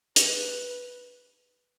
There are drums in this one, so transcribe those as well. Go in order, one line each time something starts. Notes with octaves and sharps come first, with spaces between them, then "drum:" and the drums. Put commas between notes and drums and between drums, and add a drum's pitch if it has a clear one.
B4, drum: hi-hat